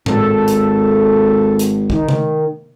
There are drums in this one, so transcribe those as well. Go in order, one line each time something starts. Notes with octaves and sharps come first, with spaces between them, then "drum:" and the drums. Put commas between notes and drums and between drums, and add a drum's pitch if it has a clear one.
G#1 A4, drum: tom A2
drum: hi-hat
drum: hi-hat
D#3, drum: kick
drum: tom C3